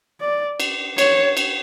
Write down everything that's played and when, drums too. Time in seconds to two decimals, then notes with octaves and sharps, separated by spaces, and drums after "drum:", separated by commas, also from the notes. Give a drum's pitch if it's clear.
0.21 D5
0.60 drum: cymbal
0.98 C#5, drum: cymbal
1.37 drum: cymbal